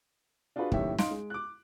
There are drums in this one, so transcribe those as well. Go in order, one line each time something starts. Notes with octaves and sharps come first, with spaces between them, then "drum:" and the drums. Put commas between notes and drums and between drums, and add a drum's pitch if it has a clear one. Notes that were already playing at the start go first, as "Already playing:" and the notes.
D4 F4 F#4 G#4 B4
F#1 A2 D#3 G4 C#5 E5, drum: kick
D#4 F5 C6 D7, drum: snare
G#3
D6 F#6